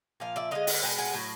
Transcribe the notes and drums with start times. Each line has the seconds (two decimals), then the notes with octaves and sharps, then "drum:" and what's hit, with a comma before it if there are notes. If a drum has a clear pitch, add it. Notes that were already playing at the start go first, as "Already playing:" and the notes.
0.20 A#2 F3 F5
0.36 D5 E5
0.51 D3 F3 G#3 D#5 F5
0.67 E5 F#5, drum: open hi-hat
0.82 B2 G#3 G5
0.98 F#5 G#5
1.14 A2 F#3